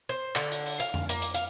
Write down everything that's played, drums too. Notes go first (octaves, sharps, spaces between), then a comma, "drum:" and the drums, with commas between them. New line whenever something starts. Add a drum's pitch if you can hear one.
C5
D3, drum: clap
drum: hi-hat
drum: open hi-hat
F5, drum: hi-hat
drum: tom F2
A#3, drum: hi-hat
drum: hi-hat
F5, drum: hi-hat